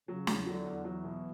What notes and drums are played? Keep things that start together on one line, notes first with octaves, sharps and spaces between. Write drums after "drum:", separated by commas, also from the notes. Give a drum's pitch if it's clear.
C#3 F#3
E2, drum: snare
D3 F#3
E2
E3 F#3
B2